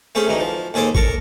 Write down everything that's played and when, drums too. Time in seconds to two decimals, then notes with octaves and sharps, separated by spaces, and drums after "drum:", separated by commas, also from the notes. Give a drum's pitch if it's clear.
0.15 A3 C#4 G#4 C5
0.27 D2 E3 D#4
0.41 F3
0.74 D#2 G#4 A4 C5 D6
0.95 A4 A#4 C#6, drum: kick G#1